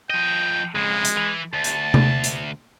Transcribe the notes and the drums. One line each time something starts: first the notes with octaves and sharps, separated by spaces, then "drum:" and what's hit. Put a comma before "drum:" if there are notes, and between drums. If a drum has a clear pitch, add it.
F3 D#5 G5
F2 C#3 G#3
drum: hi-hat
E3
D2 A5
drum: hi-hat
drum: tom C3
drum: hi-hat